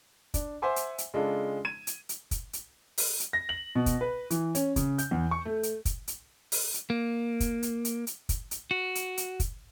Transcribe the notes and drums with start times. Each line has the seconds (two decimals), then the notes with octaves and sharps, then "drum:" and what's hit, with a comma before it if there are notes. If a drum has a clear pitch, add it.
0.34 D4, drum: kick, hi-hat
0.62 C5 E5 F#5 G#5 C6 D6
0.76 drum: hi-hat
0.98 drum: hi-hat
1.14 C#3 G#3 D4 F4 A4
1.65 G#6 D#7 E7
1.87 drum: hi-hat
2.09 drum: hi-hat
2.31 drum: kick, hi-hat
2.53 drum: hi-hat
2.98 drum: open hi-hat
3.20 drum: hi-hat
3.33 A#6
3.49 F#7
3.75 B2
3.86 drum: kick, hi-hat
4.01 B4
4.30 E3, drum: hi-hat
4.55 C#4, drum: hi-hat
4.76 C#3, drum: kick, hi-hat
4.98 G6, drum: hi-hat
5.11 E2
5.31 C#6
5.45 A3
5.63 drum: hi-hat
5.85 drum: kick, hi-hat
6.08 drum: hi-hat
6.52 drum: open hi-hat
6.74 drum: hi-hat
6.90 A#3
7.40 drum: kick, hi-hat
7.63 drum: hi-hat
7.85 drum: hi-hat
8.07 drum: hi-hat
8.29 drum: kick, hi-hat
8.51 drum: hi-hat
8.71 F#4
8.95 drum: hi-hat
9.17 drum: hi-hat
9.40 drum: kick, hi-hat